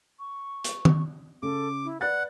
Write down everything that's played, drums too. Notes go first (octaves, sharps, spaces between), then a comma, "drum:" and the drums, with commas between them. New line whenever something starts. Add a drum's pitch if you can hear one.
C#6
drum: hi-hat
drum: tom D#3
C#3 A4 D6
E4
B4 D5 F#5 F#6 A6